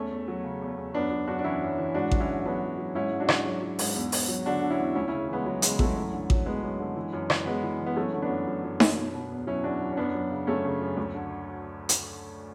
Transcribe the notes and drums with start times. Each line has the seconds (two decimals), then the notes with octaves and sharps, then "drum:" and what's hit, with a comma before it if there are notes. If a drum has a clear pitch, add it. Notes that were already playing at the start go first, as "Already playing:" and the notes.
Already playing: E2 A3 C#4
0.11 E2
0.28 F#3
0.44 C#3
0.62 E2
0.77 E2
0.94 F#2 B3 D4
1.11 F#2
1.27 F#2 D4 F#4
1.39 D4
1.44 E3 C#4 E4
1.62 F#2
1.78 E3
1.94 G#2 D4 F#4
2.11 F#3, drum: kick A1
2.20 C#4 E4
2.28 G#2
2.45 F#3 B3 D4
2.62 F#3
2.78 F#3
2.95 G#2 C#4 E4
3.11 G#2
3.20 D4 F#4
3.28 G#2, drum: rim click
3.45 F#3
3.62 F#3
3.79 G#2, drum: open hi-hat
3.96 E2
4.12 E2, drum: open hi-hat
4.28 F#3
4.46 D3 D4 F#4
4.62 D3
4.70 C#4 E4
4.79 E2
4.95 D2 C#4 E4
5.08 C#4 E4
5.12 C#3
5.29 E3 G#3 B3
5.45 E3 F#3
5.62 C#3 G#3, drum: hi-hat
5.79 E3 F#3 A3, drum: kick A1
5.96 F#2
6.13 D3
6.30 F#3, drum: kick A1
6.46 F#3 G#3 B3
6.63 F#2
6.80 D3
6.96 E3
7.13 F#2
7.30 E3, drum: rim click
7.46 E3 G#3 B3
7.63 E3
7.80 E3
7.86 B3
7.96 F#3 A3 C#4
8.14 D3
8.22 B3 D4
8.29 F#2
8.47 F#2
8.64 F#2
8.80 F#2, drum: snare D#4
8.97 B2
9.14 B2
9.31 E2
9.47 F#3 C#4 E4
9.63 E2 D4 F#4
9.81 F#3
9.92 C#4
9.97 F#2 B3 D4
10.14 F#3
10.31 C#3
10.47 F#2 A3 C#4
10.65 C#3
10.81 F#2
10.97 D2
11.15 D3
11.89 drum: hi-hat